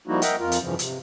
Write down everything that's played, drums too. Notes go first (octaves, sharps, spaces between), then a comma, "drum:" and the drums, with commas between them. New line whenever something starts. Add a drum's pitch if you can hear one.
F3 G3 A#3 D#4 E4 F#4
A#4 D#5 E5 F#5 G5, drum: hi-hat
F2 F4 A#4
drum: hi-hat
G2 C#3 E3 F3
C3, drum: hi-hat